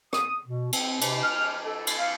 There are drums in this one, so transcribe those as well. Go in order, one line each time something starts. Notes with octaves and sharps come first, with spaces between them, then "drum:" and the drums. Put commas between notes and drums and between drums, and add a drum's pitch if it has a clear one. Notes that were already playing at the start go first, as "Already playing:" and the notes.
D#6, drum: rim click
B2
C4, drum: cymbal
C3, drum: cymbal
F6
A4
drum: cymbal
F5